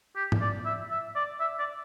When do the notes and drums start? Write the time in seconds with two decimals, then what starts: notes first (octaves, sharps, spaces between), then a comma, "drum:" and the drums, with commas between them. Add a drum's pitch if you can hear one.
0.16 G4
0.32 drum: tom G#2
0.41 D5
0.65 E5
0.91 E5
1.16 D5
1.40 E5
1.59 D5